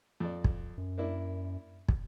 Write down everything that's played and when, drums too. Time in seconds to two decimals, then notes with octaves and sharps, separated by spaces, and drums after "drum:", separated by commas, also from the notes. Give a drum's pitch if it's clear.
0.20 F2 D5
0.44 drum: kick
0.78 F#2
0.98 A#3 D4 E4
1.89 drum: kick